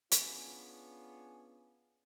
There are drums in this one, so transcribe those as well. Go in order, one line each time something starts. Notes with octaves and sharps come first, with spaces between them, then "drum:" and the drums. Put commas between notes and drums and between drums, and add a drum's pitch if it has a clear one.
B3 C#4 D4 F4 G#4, drum: hi-hat